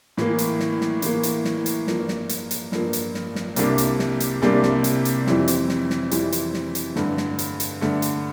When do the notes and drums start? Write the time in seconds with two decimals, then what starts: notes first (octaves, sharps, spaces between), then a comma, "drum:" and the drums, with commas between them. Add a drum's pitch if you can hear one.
0.17 A2 E3 A#3, drum: snare
0.38 drum: hi-hat
0.60 drum: snare
0.81 drum: snare
1.02 A2 E3 A#3, drum: hi-hat
1.23 drum: hi-hat
1.45 drum: snare
1.66 drum: hi-hat
1.87 G2 F3 A#3, drum: snare
2.08 drum: snare
2.29 drum: hi-hat
2.51 drum: hi-hat
2.72 G2 F3 A#3, drum: snare
2.93 drum: hi-hat
3.14 drum: snare
3.35 drum: snare
3.56 C2 C3 G3 A#3 D4, drum: hi-hat
3.78 drum: hi-hat
3.99 drum: snare
4.20 drum: hi-hat
4.42 C2 C3 G3 A#3 D4, drum: snare
4.63 drum: snare
4.84 drum: hi-hat
5.05 drum: hi-hat
5.27 F2 E3 G3 C4 E4, drum: snare
5.48 drum: hi-hat
5.69 drum: snare
5.90 drum: snare
6.11 F2 E3 G3 C4 E4, drum: hi-hat
6.32 drum: hi-hat
6.54 drum: snare
6.75 drum: hi-hat
6.96 G2 D3 A3, drum: snare
7.17 drum: snare
7.39 drum: hi-hat
7.60 drum: hi-hat
7.81 G2 D3 A3, drum: snare
8.02 drum: hi-hat